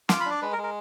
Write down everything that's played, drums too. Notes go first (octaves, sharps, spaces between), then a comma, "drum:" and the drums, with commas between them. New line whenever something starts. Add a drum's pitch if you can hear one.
F4 D6, drum: snare
B5
D4
D5
G#3 B4
A#4
G#3
A#4